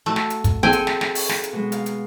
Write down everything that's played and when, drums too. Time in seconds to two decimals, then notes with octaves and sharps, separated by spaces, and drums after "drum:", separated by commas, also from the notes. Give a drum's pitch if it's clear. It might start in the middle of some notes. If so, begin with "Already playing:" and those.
0.06 A3 F#4 A5
0.16 drum: snare
0.30 drum: hi-hat
0.44 drum: kick, hi-hat
0.63 C4 G#4 A4 G5 G#5
0.73 drum: hi-hat
0.87 drum: snare
1.01 drum: snare
1.15 drum: open hi-hat
1.29 drum: snare
1.44 drum: hi-hat
1.53 B2 G#3
1.72 F5, drum: hi-hat
1.86 drum: hi-hat